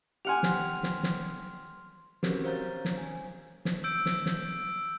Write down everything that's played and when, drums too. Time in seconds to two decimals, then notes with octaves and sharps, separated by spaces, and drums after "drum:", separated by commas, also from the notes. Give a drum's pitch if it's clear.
0.25 G4 F#5 G#5 C6 F6 F7
0.43 drum: snare
0.83 drum: snare
1.03 drum: snare
2.23 C4 C#4 F#4 G4 A#4 B4, drum: snare
2.44 C5 C#5 F5 A#5 G6 A6
2.85 drum: snare
2.98 G#5
3.65 drum: snare
3.84 E6 G6 D7
4.06 drum: snare
4.26 drum: snare